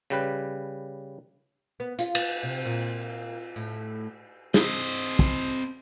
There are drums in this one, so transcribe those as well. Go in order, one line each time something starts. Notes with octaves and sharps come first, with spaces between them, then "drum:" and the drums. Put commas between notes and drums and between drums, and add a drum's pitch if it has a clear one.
C#3 G3 B4
B3
F4, drum: hi-hat
B3, drum: cymbal
C3
A#2
A2
C4 D#5, drum: snare
drum: kick